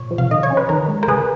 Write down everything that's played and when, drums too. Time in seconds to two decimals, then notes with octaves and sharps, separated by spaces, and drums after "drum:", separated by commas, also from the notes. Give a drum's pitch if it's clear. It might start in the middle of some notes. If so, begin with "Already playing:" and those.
Already playing: A#2 C#5
0.11 F3
0.18 F5, drum: tom A#2
0.31 D#3 D#5
0.43 C#5
0.50 C#4
0.57 B4
0.69 D#3 A#4
0.88 G#3
1.03 A#4, drum: rim click
1.08 C#3 G#4 B4